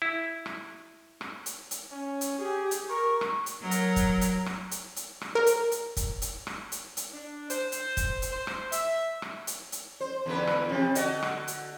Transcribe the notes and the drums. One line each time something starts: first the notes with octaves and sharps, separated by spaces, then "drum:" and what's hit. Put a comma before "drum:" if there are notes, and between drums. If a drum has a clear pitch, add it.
E4
drum: rim click
drum: rim click
drum: hi-hat
drum: hi-hat
C#4
drum: hi-hat
G4 G#4
drum: hi-hat
A#4 C#6
drum: rim click
drum: hi-hat
F#3 A#4
drum: hi-hat
drum: kick, hi-hat
drum: hi-hat
drum: rim click
drum: hi-hat
drum: hi-hat
drum: rim click
A#4
drum: hi-hat
drum: hi-hat
drum: kick, hi-hat
drum: hi-hat
drum: rim click
drum: hi-hat
drum: hi-hat
D4
C5, drum: hi-hat
drum: hi-hat
drum: kick, hi-hat
drum: hi-hat
C5
drum: rim click
E5, drum: hi-hat
drum: rim click
drum: hi-hat
drum: hi-hat
C5
E2 D3 B4
drum: rim click
C3 F3
D3 F#4 D#5, drum: hi-hat
drum: rim click
drum: hi-hat